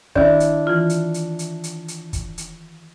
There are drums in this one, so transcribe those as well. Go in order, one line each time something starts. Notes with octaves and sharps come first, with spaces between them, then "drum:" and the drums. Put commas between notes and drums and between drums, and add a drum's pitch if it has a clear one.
D#3 D4 E4, drum: kick
drum: hi-hat
E3 F4
drum: hi-hat
drum: hi-hat
drum: hi-hat
drum: hi-hat
drum: hi-hat
drum: kick, hi-hat
drum: hi-hat